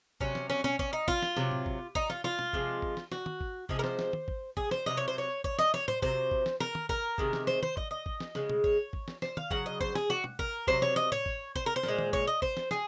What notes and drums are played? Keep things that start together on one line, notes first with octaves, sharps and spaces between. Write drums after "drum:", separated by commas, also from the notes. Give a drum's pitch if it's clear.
C3 F#3 C#4, drum: kick G#1
drum: snare
C#4, drum: snare
C#4, drum: tom
C#4, drum: kick G#1
D#4
F4, drum: kick G#1
drum: snare
C3 F#3, drum: snare
drum: tom A2
drum: kick G#1
D#4, drum: kick G#1
F4, drum: snare
F4, drum: snare
drum: tom
C3 F3 G#3, drum: kick G#1
drum: kick G#1
drum: snare
F#4, drum: snare
drum: tom
drum: kick G#1
C3 F3 G#3 G#4, drum: kick G#1
A#4
C5, drum: snare
drum: snare
drum: tom
drum: kick G#1
G#4, drum: kick G#1
C5, drum: snare
C3 F#3 D#5, drum: snare
C#5
C5
C#5
C#5, drum: kick G#1
D#5, drum: snare
C#5, drum: snare
C5, drum: tom A2
C3 F#3 C5, drum: kick G#1
drum: kick G#1
drum: snare
A#4, drum: snare
drum: tom
A#4, drum: kick G#1
C3 D#3 G#3, drum: kick G#1
drum: snare
C5, drum: snare
C5, drum: tom
D#5, drum: kick G#1
D#5
drum: kick G#1
drum: snare
C#3 G#3, drum: snare
drum: tom
C#5, drum: kick G#1
drum: kick G#1
drum: snare
C5, drum: snare
F5, drum: tom
C#3 F#3 F#5, drum: kick G#1
D#5
C5, drum: kick G#1
G#4, drum: snare
F#4, drum: snare
drum: tom
A#4, drum: kick G#1
C3 F#3 C5, drum: kick G#1
C#5, drum: snare
D#5, drum: snare
C#5, drum: tom A2
drum: kick G#1
C5, drum: kick G#1
A#4
C5
A#2 G#3, drum: snare
drum: tom
C#5, drum: kick G#1
D#5
C5, drum: kick G#1
drum: snare
G#4, drum: snare